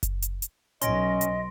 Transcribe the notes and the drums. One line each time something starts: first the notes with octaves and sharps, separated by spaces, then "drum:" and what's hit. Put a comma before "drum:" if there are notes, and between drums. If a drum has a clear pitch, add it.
drum: kick F#1, hi-hat
drum: hi-hat
drum: hi-hat
B1 C#4 D#5 C6 A#6 D7, drum: hi-hat
drum: hi-hat